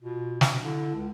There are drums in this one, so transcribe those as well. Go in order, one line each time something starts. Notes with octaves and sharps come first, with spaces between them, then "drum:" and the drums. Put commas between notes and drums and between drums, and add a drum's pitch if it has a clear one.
B2 F4
D4, drum: snare
D3 E4
C#2